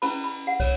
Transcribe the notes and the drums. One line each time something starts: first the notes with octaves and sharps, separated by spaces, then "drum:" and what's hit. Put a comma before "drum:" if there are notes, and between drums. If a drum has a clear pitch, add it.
C#4 E4 B4 B5, drum: cymbal
B5
F#5
C#5, drum: kick, cymbal